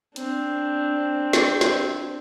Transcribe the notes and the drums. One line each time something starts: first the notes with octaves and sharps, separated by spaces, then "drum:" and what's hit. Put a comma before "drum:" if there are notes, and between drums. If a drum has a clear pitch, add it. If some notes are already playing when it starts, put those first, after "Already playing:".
C4 D4, drum: hi-hat
drum: snare
drum: snare